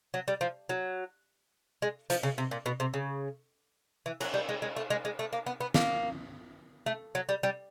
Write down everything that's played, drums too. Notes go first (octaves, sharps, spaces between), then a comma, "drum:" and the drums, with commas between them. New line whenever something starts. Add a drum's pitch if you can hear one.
F#3
G3
F3
F#3
G#3
F3, drum: hi-hat
C#3
C3
A#2
B2
C3
C#3
E3
F#3, drum: cymbal
G3
G#3
G#3
A3
G#3
G#3
A3
A#3
B3
B3
A#3, drum: snare
A3
F#3
G3
G3